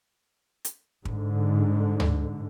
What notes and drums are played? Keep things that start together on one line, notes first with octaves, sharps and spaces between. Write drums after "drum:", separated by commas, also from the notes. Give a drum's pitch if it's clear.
drum: hi-hat
G#2 D3, drum: kick
drum: tom D2